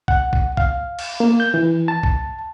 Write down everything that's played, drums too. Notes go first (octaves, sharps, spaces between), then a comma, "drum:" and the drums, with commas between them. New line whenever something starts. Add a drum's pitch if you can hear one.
F#5, drum: kick
drum: kick
F5, drum: kick
drum: cymbal
A#3
G6
E3
A5
drum: kick